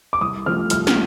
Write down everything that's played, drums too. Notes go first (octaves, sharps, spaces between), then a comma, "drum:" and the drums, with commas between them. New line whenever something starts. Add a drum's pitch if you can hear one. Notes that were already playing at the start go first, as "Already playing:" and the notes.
D6
C2 D#6
C3 F3 A3 C4 F6
C2 F6, drum: hi-hat
drum: snare